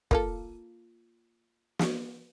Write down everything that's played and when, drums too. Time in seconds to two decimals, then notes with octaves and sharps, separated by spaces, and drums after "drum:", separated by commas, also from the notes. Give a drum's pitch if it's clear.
0.11 A#3 F4 A4, drum: kick
1.79 drum: snare